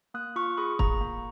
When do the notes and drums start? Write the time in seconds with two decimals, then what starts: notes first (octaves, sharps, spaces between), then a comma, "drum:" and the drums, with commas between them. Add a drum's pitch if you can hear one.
0.14 A#3 D#6 F#6
0.36 F4 C#6 F6
0.57 G#4 B5 D#6
0.79 A#3 A#5 C#6, drum: kick
1.01 A#3